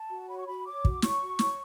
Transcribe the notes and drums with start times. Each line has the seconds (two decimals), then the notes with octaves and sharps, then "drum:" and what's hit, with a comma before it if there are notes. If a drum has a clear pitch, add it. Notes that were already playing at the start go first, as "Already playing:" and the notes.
Already playing: A5
0.10 F#4
0.29 C#5 B5
0.37 C#6
0.46 F#4 B5
0.66 C#5 D6
0.85 F#4, drum: kick
1.02 C#5 C#6, drum: snare
1.20 F#4
1.39 C#5, drum: snare